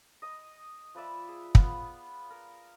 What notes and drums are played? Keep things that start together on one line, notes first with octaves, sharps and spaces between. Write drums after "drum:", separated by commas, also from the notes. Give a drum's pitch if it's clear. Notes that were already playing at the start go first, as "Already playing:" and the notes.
D#5 D#6
F3 B4 D5 E5
G#4
B3 F4, drum: kick
A#4